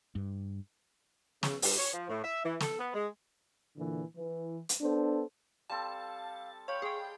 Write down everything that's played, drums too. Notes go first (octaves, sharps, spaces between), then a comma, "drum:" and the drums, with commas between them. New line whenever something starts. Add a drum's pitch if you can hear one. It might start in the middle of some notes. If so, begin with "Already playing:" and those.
G2
C#3, drum: snare
G2, drum: open hi-hat
C#5
F3
A2
E5
E3
A4, drum: snare
B3
G#3
A#2 D3 E3
E3
drum: hi-hat
B3 D4 A4 C5
G3 C4 A4 F5 A5
C#5 F5 G5 B5 C#6
G#4 C5 D#5 G5